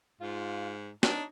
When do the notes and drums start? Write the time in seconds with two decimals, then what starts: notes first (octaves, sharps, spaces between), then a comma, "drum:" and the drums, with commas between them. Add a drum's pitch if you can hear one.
0.21 G#2 F4
1.03 D4 D#4 C#5, drum: snare